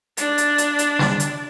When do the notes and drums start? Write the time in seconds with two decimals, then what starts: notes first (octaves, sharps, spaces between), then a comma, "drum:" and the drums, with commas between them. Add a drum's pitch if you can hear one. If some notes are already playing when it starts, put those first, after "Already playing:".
0.17 D4 D5, drum: hi-hat
0.38 drum: hi-hat
0.58 drum: hi-hat
0.79 drum: hi-hat
0.99 drum: snare
1.20 drum: hi-hat